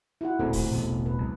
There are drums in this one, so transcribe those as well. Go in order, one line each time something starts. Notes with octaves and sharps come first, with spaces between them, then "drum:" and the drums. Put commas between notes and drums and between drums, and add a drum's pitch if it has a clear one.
E4 F#4 F#5
D1 A#2 A3 A#3 C4 G#4
drum: kick, open hi-hat
E1 A1 B3
B4
C2